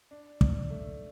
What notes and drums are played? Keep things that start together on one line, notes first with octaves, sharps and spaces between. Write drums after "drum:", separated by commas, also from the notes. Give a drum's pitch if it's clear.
D4
D4, drum: kick
A3